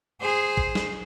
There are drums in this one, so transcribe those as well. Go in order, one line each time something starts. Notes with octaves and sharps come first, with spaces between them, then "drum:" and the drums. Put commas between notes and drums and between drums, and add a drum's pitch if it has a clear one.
G#4 C5
drum: kick
drum: snare